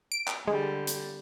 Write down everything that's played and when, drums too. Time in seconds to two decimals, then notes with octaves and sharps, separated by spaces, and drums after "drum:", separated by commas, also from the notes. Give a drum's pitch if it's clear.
0.12 D7
0.28 drum: clap
0.48 D3 G3 G#3
0.87 drum: hi-hat